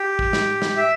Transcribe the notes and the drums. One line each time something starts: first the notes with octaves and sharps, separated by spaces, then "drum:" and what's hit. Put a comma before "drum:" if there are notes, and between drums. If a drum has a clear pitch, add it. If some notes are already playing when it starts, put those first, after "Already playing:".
Already playing: G4
drum: kick
drum: snare
drum: snare
E5